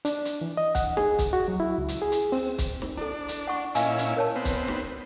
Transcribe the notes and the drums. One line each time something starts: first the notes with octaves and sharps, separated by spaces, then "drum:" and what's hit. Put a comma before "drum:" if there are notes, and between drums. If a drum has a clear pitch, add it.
D4, drum: hi-hat
drum: hi-hat
E3
D#5
F#5, drum: kick, hi-hat
G#4, drum: snare
drum: kick, hi-hat
F#4
F#3
E4
C#2
drum: hi-hat
G#4
drum: hi-hat
C4, drum: open hi-hat
drum: kick, hi-hat
drum: snare
D4 E4 A4
drum: hi-hat
F#5 C#6
A#2 C#4 E4 D#5 F5 G#5, drum: hi-hat
drum: hi-hat
A#4 C#5 A5
B3 C4 B4
drum: kick, hi-hat
drum: snare